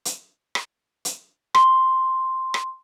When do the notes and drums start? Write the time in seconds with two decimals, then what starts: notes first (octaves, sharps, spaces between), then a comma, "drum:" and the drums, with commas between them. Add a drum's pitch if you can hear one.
0.05 drum: hi-hat
0.55 drum: rim click
1.05 drum: hi-hat
1.55 C6, drum: rim click
2.54 drum: rim click